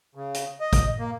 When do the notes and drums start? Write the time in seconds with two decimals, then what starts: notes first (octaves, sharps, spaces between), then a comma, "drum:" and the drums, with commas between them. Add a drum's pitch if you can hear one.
0.15 C#3
0.34 drum: hi-hat
0.60 D#5
0.73 drum: kick, hi-hat
0.99 A#3